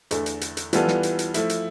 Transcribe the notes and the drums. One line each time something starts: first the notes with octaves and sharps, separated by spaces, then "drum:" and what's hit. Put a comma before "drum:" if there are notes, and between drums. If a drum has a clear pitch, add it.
E2 D3 A3, drum: hi-hat
drum: hi-hat
drum: hi-hat
drum: hi-hat
E3 G3 B3 F4 A4, drum: hi-hat
drum: snare
drum: hi-hat
drum: hi-hat
F3 A3 E4, drum: hi-hat
drum: hi-hat